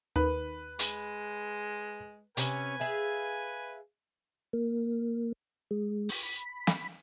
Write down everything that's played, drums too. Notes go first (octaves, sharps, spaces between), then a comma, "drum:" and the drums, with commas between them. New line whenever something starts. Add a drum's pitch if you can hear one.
D#2 B4
G#3, drum: hi-hat
C3 C#4 B4 G#5, drum: hi-hat
G#4 E5 F5
A#3
G#3
drum: open hi-hat
B5
drum: snare